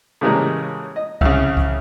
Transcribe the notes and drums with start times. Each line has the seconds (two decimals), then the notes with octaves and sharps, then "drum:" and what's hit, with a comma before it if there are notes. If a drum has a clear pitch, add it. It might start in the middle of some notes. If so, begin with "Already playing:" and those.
0.21 A2 C#3 E3 G3 G#3 A#3
0.96 D#5
1.21 C2 C#3, drum: kick C2
1.57 drum: kick C2